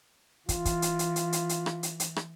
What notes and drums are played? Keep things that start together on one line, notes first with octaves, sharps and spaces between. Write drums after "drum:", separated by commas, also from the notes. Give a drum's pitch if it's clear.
E3 F4, drum: kick, hi-hat
drum: kick, hi-hat
drum: hi-hat
drum: hi-hat
drum: hi-hat
drum: hi-hat
drum: hi-hat
drum: rim click
drum: hi-hat
drum: hi-hat
drum: rim click